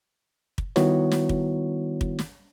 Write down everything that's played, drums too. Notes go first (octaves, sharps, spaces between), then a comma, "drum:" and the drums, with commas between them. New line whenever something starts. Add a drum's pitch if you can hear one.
drum: kick
D#3 G3 B3 E4 F#4 C#5, drum: snare
drum: snare
drum: kick
drum: kick
drum: snare